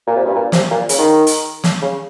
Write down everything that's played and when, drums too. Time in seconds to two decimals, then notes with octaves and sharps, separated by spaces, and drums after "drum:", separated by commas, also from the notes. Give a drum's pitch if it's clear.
0.07 A#2
0.16 C3
0.25 G2
0.35 A#2
0.52 C3, drum: snare
0.71 A#2
0.89 C#3, drum: hi-hat
0.99 D#3
1.27 drum: hi-hat
1.64 drum: snare
1.82 C#3